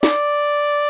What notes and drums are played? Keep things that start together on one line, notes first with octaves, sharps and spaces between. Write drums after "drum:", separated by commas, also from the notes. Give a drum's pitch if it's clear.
D5, drum: snare